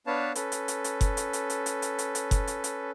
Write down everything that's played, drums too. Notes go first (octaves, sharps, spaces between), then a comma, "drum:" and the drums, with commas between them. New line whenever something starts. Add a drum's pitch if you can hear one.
B3 D4 B4 C#5 F5 A5
C#4 A4 B4, drum: hi-hat
drum: hi-hat
drum: hi-hat
drum: hi-hat
drum: kick F#1, hi-hat
drum: hi-hat
drum: hi-hat
drum: hi-hat
drum: hi-hat
drum: hi-hat
drum: hi-hat
drum: hi-hat
drum: kick F#1, hi-hat
drum: hi-hat
drum: hi-hat